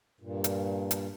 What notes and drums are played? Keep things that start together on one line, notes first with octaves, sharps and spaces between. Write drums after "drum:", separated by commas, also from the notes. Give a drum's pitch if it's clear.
G2 A#2
drum: hi-hat
drum: hi-hat